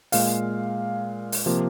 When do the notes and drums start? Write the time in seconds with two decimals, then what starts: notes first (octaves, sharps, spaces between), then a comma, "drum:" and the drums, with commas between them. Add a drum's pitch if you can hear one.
0.12 A#2 G#3 F5, drum: open hi-hat
1.32 drum: open hi-hat
1.46 C3 F3 A#3